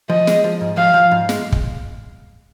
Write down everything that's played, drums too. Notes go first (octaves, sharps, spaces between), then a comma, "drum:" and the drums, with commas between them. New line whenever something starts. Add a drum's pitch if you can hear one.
F3 D#5
G#3, drum: snare
F3
G#2
F3 F5
F3
G#2
G#3, drum: snare
drum: kick